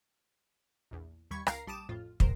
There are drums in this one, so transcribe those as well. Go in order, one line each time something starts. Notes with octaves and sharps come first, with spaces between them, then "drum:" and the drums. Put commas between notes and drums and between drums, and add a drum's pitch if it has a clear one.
A#1 E2
D#2 G3 B5 C#6 G#6
C#2 A#4 F5 A#5 C7, drum: rim click
A#1 G3 A5 D6 D#6 E7
A1 F2 A2 F4
D#3 F#3 A#4 C5, drum: kick